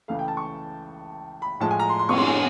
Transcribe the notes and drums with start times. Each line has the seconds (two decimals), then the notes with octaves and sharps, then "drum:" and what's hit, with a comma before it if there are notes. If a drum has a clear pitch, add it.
0.08 C#2 C#3 E3 A3 F5
0.19 G5
0.28 A5
0.37 C#6
1.42 B5
1.60 A2 F3 G#3 A5
1.71 G#5
1.79 A#5
1.89 C6
1.99 C6
2.09 C#6, drum: cymbal
2.18 C6
2.27 G#5